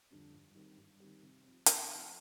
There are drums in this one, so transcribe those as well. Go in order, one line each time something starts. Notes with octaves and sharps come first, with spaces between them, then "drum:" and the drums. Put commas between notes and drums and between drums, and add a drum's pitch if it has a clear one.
F2 D3 G3 D4
G2
D#3 G3 C4 G4
G2
D#3 G3 C4 G4
C3
F3 C4
C3, drum: hi-hat
F3 C4